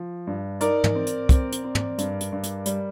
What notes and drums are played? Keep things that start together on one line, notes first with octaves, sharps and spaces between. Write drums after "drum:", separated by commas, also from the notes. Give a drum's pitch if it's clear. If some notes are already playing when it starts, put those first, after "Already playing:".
Already playing: F3
G2
D#4 A#4 D5, drum: hi-hat
drum: tom
C4
drum: hi-hat
C4, drum: kick, hi-hat
drum: hi-hat
C4
drum: tom
G2, drum: hi-hat
drum: hi-hat
G2
drum: hi-hat
G3, drum: hi-hat